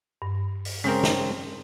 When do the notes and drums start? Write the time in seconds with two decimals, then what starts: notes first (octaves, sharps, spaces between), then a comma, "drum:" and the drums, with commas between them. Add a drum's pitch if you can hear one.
0.22 G2
0.65 drum: open hi-hat
0.84 C#3 G#3 C4 A#4
1.03 drum: snare